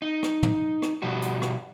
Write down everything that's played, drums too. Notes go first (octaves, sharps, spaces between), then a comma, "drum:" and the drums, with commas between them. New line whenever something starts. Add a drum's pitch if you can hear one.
D#4
drum: rim click
drum: tom
drum: rim click
B2 F3 G3 F#4
drum: hi-hat
drum: rim click